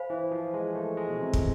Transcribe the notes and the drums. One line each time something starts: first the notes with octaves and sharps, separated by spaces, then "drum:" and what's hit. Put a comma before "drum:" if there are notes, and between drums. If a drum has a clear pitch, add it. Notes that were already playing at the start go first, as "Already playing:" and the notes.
Already playing: C5 F5 G#5 B5
E3
F3
G#3
A3
G#3
B2
C3
drum: kick